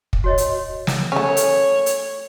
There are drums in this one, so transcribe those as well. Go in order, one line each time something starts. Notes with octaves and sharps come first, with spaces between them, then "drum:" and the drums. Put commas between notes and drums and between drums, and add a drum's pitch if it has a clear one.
drum: kick
F#4 C#5 D#5
drum: hi-hat
drum: snare
A3 C#4 A4 A#4 C#5
drum: hi-hat
drum: hi-hat